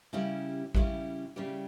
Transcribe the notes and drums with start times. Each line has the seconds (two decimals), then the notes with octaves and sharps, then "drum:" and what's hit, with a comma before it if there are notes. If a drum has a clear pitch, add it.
0.13 C#3 G3 C#4 E4 G4
0.75 C#3 G3 C#4 E4 G4, drum: kick A1
1.36 C#3 G3 C#4 E4 G4